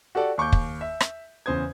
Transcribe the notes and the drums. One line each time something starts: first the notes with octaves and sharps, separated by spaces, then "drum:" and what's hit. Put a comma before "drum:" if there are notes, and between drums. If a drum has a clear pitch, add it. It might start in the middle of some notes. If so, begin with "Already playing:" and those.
F#4 G4 A4 D5
D#2 C#6 D6 G6
drum: kick
E5
drum: rim click
E2 C#3 C5 D#6 G#6